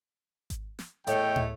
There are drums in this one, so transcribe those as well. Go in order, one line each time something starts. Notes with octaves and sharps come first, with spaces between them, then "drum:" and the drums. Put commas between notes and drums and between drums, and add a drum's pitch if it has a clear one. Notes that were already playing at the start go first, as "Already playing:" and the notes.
drum: kick G#1, hi-hat
drum: snare
E2 A2 A3 C#5 D#5 G5, drum: hi-hat
drum: tom